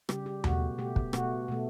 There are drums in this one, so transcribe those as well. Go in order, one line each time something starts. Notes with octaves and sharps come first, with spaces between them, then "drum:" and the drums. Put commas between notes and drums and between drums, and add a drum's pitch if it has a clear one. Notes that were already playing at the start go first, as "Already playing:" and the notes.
C#3 G3 G4, drum: rim click
G4
B2 A3 F#4, drum: tom D#2
B2 A3 G4
drum: kick
B2 A3 F#4, drum: rim click
B2 A3